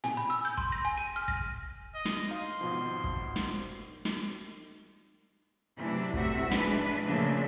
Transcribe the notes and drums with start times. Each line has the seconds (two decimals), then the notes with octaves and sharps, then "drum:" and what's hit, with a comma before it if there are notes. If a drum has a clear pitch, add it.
0.04 G#5, drum: tom A2
0.17 B5
0.30 E6
0.45 G6
0.57 C6, drum: kick
0.72 A#6
0.85 G#5
0.98 D#7
1.16 F6
1.28 A#6, drum: kick
1.94 D#5
2.05 drum: snare
2.29 D#4 F5 C6
2.61 G#1 B2 F3
3.04 drum: kick
3.36 drum: snare
4.05 drum: snare
5.77 C3 E3 F#3 A3 D4
6.13 A2 C3 G3 F#4 E5, drum: kick
6.51 E3 G#3 D4 B4, drum: snare
7.06 A#2 C#3 F3 A3 D4 E5